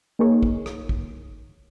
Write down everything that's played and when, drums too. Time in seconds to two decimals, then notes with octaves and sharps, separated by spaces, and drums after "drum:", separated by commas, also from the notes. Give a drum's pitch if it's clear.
0.19 A#3 D#4 G#4 A#4 C#5
0.43 drum: kick
0.66 drum: rim click
0.89 drum: kick